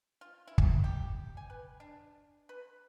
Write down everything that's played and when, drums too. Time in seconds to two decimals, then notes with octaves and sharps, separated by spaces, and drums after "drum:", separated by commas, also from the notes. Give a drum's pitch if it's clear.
0.21 F4
0.47 E4
0.58 drum: kick
0.84 G4
1.37 G#5
1.50 B4
1.80 D4
2.49 B4